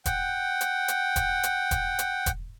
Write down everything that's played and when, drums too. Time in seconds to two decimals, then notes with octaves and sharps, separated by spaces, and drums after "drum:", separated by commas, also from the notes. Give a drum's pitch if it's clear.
0.05 F#5 G5, drum: kick E1, hi-hat
0.61 drum: hi-hat
0.88 drum: hi-hat
1.16 drum: kick E1, hi-hat
1.43 drum: hi-hat
1.71 drum: kick E1, hi-hat
1.99 drum: hi-hat
2.26 drum: kick E1, hi-hat